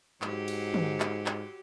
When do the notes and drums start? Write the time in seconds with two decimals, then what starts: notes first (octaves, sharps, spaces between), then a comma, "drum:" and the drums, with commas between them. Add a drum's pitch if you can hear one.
0.22 G#2 F#3 G4, drum: clap
0.48 drum: cymbal
0.74 drum: tom
1.00 drum: clap
1.26 drum: clap